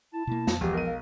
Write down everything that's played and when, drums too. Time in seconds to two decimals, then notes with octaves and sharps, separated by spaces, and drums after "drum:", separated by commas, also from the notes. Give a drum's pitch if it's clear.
0.13 E4 A5
0.27 B2 A#3 E4
0.47 F2, drum: snare
0.61 E1 F3 G4
0.73 B1 A#4 D#7
0.86 F5